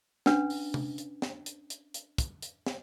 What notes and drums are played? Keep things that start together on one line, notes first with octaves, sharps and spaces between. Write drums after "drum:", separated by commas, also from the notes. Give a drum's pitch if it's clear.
C#4 D4 B4, drum: snare
drum: open hi-hat
drum: tom C3
drum: hi-hat
drum: snare
drum: hi-hat
drum: hi-hat
drum: hi-hat
drum: kick, hi-hat
drum: hi-hat
drum: snare